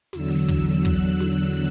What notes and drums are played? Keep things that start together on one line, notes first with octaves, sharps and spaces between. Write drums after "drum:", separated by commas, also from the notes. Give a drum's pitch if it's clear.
E2 D3 F#3 E6, drum: snare
drum: hi-hat
drum: kick, hi-hat
drum: hi-hat
F#6, drum: kick, hi-hat
drum: snare
drum: hi-hat